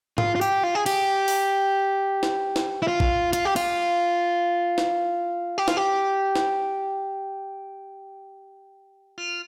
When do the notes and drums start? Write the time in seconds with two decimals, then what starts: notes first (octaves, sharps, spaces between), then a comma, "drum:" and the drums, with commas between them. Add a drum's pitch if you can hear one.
0.18 F4, drum: tom G#2
0.36 F4
0.41 G4, drum: tambourine
0.63 F4
0.75 G#4
0.86 G4, drum: cymbal
1.28 drum: open hi-hat
2.23 drum: snare
2.56 drum: snare
2.82 E4
2.88 F4
3.00 drum: kick
3.33 F4, drum: hi-hat
3.45 G4
3.56 F4, drum: cymbal
4.78 drum: snare
5.58 G4
5.68 F4, drum: snare
5.77 G4
6.36 drum: snare
9.18 F4